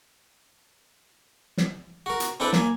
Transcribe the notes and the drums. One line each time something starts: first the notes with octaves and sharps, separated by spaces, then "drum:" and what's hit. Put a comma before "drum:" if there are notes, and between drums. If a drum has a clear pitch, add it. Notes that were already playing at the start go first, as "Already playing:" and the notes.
drum: snare
F#4 A#4
drum: hi-hat
C4 D4 E4 A4 B4 D5
A#3 G#5, drum: snare